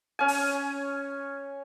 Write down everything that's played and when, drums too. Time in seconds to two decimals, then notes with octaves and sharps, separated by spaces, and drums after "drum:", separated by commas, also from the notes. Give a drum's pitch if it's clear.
0.19 C#4 G#5
0.28 drum: open hi-hat